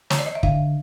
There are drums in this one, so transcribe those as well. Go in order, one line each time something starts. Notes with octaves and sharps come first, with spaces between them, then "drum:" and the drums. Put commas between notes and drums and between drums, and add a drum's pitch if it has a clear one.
C#5, drum: snare
D5
D#5
E5
D3 F5, drum: kick